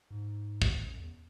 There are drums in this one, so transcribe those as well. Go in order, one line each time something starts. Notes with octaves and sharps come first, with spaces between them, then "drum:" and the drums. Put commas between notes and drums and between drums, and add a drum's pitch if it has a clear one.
G#2
drum: kick
F#2
E2